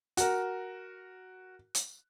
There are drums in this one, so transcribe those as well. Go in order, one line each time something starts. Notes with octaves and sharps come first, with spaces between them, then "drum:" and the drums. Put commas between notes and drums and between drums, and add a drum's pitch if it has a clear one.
F#4 A#4, drum: hi-hat
drum: hi-hat